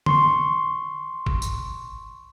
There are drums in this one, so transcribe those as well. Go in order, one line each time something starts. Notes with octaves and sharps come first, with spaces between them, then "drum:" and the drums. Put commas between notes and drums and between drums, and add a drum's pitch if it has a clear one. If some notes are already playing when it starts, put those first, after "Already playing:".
C6 C#6, drum: tom
drum: kick G1
drum: tambourine